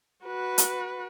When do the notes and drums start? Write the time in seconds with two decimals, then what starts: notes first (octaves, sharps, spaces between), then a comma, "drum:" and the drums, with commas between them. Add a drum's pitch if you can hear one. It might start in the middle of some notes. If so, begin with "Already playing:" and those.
0.25 F#4 B4
0.58 drum: hi-hat